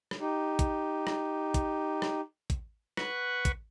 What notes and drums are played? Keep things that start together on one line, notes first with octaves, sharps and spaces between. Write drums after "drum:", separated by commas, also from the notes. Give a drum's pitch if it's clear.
drum: rim click
D#4 G4
drum: kick, hi-hat
drum: rim click
drum: kick, hi-hat
drum: rim click
drum: kick, hi-hat
B4 F#5 C#6, drum: rim click
drum: kick, hi-hat